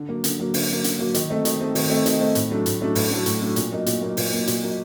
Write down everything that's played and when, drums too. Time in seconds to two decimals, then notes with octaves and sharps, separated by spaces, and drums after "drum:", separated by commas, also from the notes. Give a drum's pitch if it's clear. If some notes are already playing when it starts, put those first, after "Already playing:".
Already playing: D3
0.09 F#3 A#3
0.24 D3, drum: hi-hat
0.39 F#3 A#3
0.54 D3, drum: open hi-hat
0.69 F#3 A#3
0.84 D3, drum: hi-hat
0.99 F#3 A#3
1.14 D#3, drum: hi-hat
1.29 A3 C4 D#4
1.45 D#3, drum: hi-hat
1.60 A3 C4 D#4
1.75 D#3, drum: open hi-hat
1.90 A3 C4 D#4
2.06 D#3, drum: hi-hat
2.20 A3 C4 D#4
2.35 A2, drum: hi-hat
2.51 F#3 A3 D4
2.66 A2, drum: hi-hat
2.81 F#3 A3 D4
2.95 A2, drum: open hi-hat
3.11 F#3 A3 D4
3.26 A2, drum: hi-hat
3.41 F#3 A3 D4
3.56 A#2, drum: hi-hat
3.72 F#3 A#3 D#4
3.86 A#2, drum: hi-hat
4.01 F#3 A#3 D#4
4.17 A#2, drum: open hi-hat
4.32 F#3 A#3 D#4
4.47 A#2, drum: hi-hat
4.62 F#3 A#3 D#4